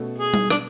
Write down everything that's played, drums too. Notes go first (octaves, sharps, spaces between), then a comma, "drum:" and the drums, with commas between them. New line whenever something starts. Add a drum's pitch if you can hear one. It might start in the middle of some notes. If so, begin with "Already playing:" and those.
Already playing: B2 A3 C#4 F#4 A4
G#4
drum: tom G3
D4, drum: rim click